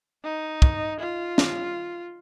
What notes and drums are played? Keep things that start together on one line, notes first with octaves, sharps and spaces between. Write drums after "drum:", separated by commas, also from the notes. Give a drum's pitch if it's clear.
D#4
drum: kick
F4
drum: snare